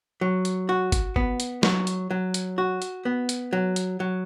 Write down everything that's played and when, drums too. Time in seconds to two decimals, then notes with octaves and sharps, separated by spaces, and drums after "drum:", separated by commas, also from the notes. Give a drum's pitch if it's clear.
0.21 F#3
0.45 drum: hi-hat
0.69 F#4
0.92 drum: kick, hi-hat
1.16 B3, drum: kick
1.40 drum: hi-hat
1.63 F#3, drum: snare
1.87 drum: hi-hat
2.11 F#3
2.34 drum: hi-hat
2.58 F#4
2.82 drum: hi-hat
3.05 B3
3.29 drum: hi-hat
3.53 F#3
3.76 drum: hi-hat
4.00 F#3